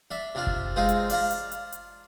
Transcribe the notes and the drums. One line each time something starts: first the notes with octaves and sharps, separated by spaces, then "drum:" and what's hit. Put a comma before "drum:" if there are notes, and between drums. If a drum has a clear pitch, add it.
D4 E5
C3 D4 F4
drum: kick F#1
G#3 C4 D#4 F4
drum: hi-hat
D4 F4 A#5, drum: open hi-hat
drum: hi-hat
drum: hi-hat
drum: hi-hat